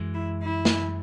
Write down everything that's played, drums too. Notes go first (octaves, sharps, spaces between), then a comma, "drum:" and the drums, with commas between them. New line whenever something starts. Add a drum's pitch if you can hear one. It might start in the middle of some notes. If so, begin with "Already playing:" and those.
Already playing: F#2 E3 G#3
E4
E4
drum: snare